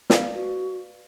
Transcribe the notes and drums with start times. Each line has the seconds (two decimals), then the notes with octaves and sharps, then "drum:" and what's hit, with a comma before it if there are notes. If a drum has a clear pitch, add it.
0.10 B4 D5 F5, drum: snare
0.34 F#4